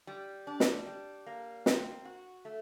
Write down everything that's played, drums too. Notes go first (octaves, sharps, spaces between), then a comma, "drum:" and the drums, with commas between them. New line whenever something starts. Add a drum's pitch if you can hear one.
G3
D4
drum: snare
G3
A#3
C4, drum: snare
F#4
A3